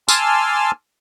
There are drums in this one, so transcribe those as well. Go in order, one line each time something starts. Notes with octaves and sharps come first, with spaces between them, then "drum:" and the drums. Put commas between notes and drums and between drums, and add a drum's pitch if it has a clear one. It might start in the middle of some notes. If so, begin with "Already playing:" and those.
G#5 A5 C6 D6 E6 F6, drum: tambourine